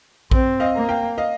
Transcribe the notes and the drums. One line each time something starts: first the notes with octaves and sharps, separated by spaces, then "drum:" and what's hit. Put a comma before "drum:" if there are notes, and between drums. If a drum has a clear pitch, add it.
C4, drum: kick A#1
D#5 F5
A#3
F5 G5
D#5 F5